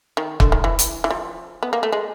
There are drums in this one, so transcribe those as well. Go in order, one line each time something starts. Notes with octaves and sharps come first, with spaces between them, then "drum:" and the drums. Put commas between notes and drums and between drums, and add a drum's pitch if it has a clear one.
D#3
D3, drum: kick
D#3
E3
drum: hi-hat
E3
F3
B3
A#3
A3
G#3